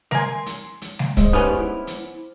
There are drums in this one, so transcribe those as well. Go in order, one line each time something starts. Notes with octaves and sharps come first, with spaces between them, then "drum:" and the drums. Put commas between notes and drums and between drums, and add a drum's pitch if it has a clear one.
A#4 G#5 C6, drum: snare
drum: hi-hat
drum: hi-hat
drum: snare
G#3 C5 D#5, drum: kick, hi-hat
A3 B3 C#4 D#4 G4 C5 D6 F6
E4
drum: hi-hat